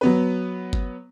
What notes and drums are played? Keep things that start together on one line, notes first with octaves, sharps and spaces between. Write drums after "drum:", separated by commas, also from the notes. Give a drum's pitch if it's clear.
F#3 B3 B4
drum: kick G1